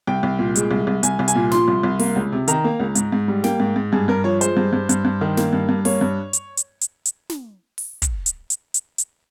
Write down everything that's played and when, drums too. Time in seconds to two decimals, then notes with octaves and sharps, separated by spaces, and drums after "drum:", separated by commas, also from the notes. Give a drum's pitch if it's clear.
0.07 C2 G5
0.23 C2
0.39 A#2
0.55 G#3, drum: hi-hat
0.71 C2
0.87 C2
1.03 C2 G#5, drum: hi-hat
1.19 C2
1.28 G#5, drum: hi-hat
1.35 A#2
1.51 F3 C6, drum: snare
1.68 C2
1.83 C2
1.99 A#3, drum: open hi-hat
2.16 C#2
2.32 C3
2.48 D#3 A#5, drum: hi-hat
2.64 A#3
2.80 C#2
2.95 G#2, drum: hi-hat
3.12 G#2
3.28 G3
3.44 A#3 G5, drum: snare
3.60 G#2
3.76 G#2
3.92 G2 G#4
4.08 G2 A#4
4.24 F3 C#5
4.41 G#3 C5, drum: hi-hat
4.57 G2
4.73 G2
4.89 G2, drum: hi-hat
5.05 G2
5.21 D#3
5.37 A#3, drum: snare
5.53 G2
5.69 G2
5.85 A#3 C#5, drum: open hi-hat
6.01 G2
6.33 drum: hi-hat
6.57 drum: hi-hat
6.81 drum: hi-hat
7.05 drum: hi-hat
7.30 drum: snare
7.78 drum: open hi-hat
8.02 drum: kick, hi-hat
8.26 drum: hi-hat
8.50 drum: hi-hat
8.74 drum: hi-hat
8.98 drum: hi-hat